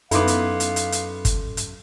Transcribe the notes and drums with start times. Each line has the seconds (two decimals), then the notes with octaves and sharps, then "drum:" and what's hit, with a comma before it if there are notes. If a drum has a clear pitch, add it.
0.11 F#2 B3 D#4 E4 A4 F5 C6 D6, drum: hi-hat
0.28 drum: hi-hat
0.60 drum: hi-hat
0.76 drum: hi-hat
0.92 drum: hi-hat
1.25 drum: kick G1, hi-hat
1.57 drum: hi-hat